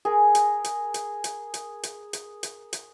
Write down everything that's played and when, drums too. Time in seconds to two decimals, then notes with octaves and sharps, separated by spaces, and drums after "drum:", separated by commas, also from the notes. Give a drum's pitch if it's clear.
0.05 G#4 A#4 G#5
0.35 drum: hi-hat
0.64 drum: hi-hat
0.94 drum: hi-hat
1.24 drum: hi-hat
1.54 drum: hi-hat
1.83 drum: hi-hat
2.13 drum: hi-hat
2.43 drum: hi-hat
2.73 drum: hi-hat